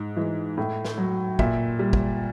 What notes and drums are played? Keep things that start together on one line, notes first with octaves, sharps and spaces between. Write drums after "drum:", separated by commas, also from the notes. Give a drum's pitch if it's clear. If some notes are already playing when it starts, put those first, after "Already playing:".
Already playing: G#2
E3 G#3
A2
drum: snare
F#3
A#2 E5, drum: kick
G3
drum: kick